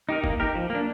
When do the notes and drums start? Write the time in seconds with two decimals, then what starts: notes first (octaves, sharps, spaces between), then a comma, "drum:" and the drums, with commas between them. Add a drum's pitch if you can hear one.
0.09 D#4 G4 A#4
0.24 A#3, drum: kick G1
0.40 D#4 G4 A#4
0.55 F3
0.70 A#3 D4